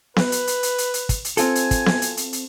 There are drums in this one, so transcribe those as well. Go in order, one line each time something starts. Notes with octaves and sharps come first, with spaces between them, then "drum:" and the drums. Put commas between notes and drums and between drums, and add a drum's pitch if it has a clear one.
B4, drum: snare B3
drum: hi-hat
drum: hi-hat
drum: hi-hat
drum: hi-hat
drum: hi-hat
drum: kick, hi-hat
drum: hi-hat
C4 F4 A4 G#5, drum: hi-hat
drum: hi-hat
drum: kick, hi-hat
drum: snare B3
drum: hi-hat
drum: hi-hat
drum: hi-hat